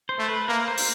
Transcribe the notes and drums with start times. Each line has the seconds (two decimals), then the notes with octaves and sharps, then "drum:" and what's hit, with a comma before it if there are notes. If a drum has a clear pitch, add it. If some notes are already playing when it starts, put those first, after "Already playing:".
0.09 C5
0.19 A3
0.29 B4
0.48 A#3 A#4
0.68 C5
0.78 drum: open hi-hat